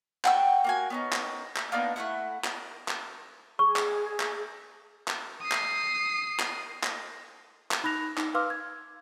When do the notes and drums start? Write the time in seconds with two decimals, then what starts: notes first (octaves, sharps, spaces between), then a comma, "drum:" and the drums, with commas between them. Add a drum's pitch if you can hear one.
0.25 F#5 G5 C#6 E6, drum: clap
0.64 A#3 F#4 G#5
0.90 B3 C#4 D#4
1.13 drum: clap
1.56 drum: clap
1.72 A#3 B3 D4 D#4
1.96 A3 C4 E4 F#5
2.44 drum: clap
2.88 drum: clap
3.59 G#4 C#6
3.76 drum: clap
4.20 drum: clap
5.08 drum: clap
5.43 D#6 C7
5.52 drum: clap
6.40 drum: clap
6.83 drum: clap
7.71 drum: clap
7.83 D#4 B5 F#6 A#6 F7
8.18 D#4, drum: clap
8.34 B4 F5 C6 D6 E6 F6
8.50 G#6